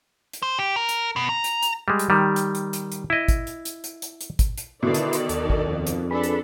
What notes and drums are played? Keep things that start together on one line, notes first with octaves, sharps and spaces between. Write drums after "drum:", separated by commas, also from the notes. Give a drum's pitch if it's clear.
drum: hi-hat
C5
G4
A#4
drum: hi-hat
B2
A#5
drum: hi-hat
drum: hi-hat
G3 G#3
drum: hi-hat
D#3 G3
drum: hi-hat
drum: hi-hat
drum: hi-hat
drum: hi-hat
E4 D#5
drum: kick, hi-hat
drum: hi-hat
drum: hi-hat
drum: hi-hat
drum: hi-hat
drum: hi-hat
drum: kick, hi-hat
drum: hi-hat
B2 D3 D#3 E4 A4 B4 D5 C6
drum: hi-hat
drum: hi-hat
D#2, drum: hi-hat
drum: kick
F2
drum: hi-hat
D4 G#4 A4 B4 B5
drum: hi-hat